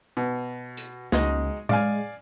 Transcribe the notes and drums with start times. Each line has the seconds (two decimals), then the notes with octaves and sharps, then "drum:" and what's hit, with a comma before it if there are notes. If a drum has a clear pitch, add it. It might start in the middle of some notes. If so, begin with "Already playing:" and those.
0.17 B2
0.77 drum: hi-hat
1.12 C#2 G#3 D#4 F#4, drum: snare
1.69 G#3 D5 F5 G#5, drum: tom A2